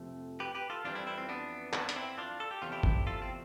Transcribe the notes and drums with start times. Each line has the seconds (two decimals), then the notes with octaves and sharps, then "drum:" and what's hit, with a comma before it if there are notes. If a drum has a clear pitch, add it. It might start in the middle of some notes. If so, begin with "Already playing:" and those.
Already playing: F2 C3 F3 A3
0.40 G4 B4
0.55 G4 B4
0.70 F4 A4
0.84 F2 E3 G3 D4 F4
0.95 C4 E4
1.07 C4 E4
1.18 C4
1.29 B3 D4
1.73 B3 D4, drum: clap
1.89 D4, drum: hi-hat
1.96 C4 E4
2.18 D4 F4
2.40 A4
2.51 G4
2.62 E2 C3 F3 A3 F4
2.72 E4 G4
2.83 drum: kick G1
3.07 F4 A4
3.22 C4